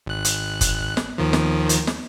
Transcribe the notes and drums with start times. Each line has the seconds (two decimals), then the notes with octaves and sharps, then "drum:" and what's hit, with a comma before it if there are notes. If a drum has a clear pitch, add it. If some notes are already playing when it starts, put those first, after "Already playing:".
0.06 G#1 F#6
0.25 drum: hi-hat
0.61 drum: kick, hi-hat
0.97 drum: snare
1.18 D#2 D#3 F3
1.33 drum: snare
1.69 drum: hi-hat
1.87 drum: snare